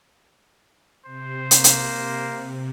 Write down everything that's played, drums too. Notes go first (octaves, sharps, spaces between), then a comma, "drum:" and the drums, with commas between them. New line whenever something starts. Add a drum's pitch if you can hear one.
C3 C5
A#3, drum: hi-hat
drum: hi-hat